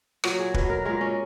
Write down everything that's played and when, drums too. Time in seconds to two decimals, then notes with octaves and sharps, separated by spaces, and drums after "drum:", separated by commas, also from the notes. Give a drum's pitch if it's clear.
0.24 A#2 F#3 F#4, drum: rim click
0.39 G#4
0.54 B2 F#3 B4, drum: kick
0.70 A#4
0.85 A#2 G#3 A#4
1.01 C#4